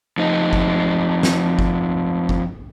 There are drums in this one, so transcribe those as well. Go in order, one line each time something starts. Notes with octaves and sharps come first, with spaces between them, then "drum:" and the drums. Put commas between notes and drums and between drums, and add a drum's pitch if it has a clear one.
F2 D#4
drum: kick G1
drum: snare
drum: kick G1
drum: kick G1